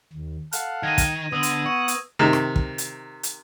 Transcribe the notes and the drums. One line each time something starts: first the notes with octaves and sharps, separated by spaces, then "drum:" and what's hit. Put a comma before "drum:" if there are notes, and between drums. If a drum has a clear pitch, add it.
D#2
A4 F5 F#5, drum: hi-hat
D#3 G#6 A#6 D#7
drum: kick, hi-hat
D3 B3 D#6 E6 F#7
drum: hi-hat
F#5 C#6 D#7
drum: hi-hat
C3 D#3
drum: rim click
drum: kick
drum: hi-hat
drum: hi-hat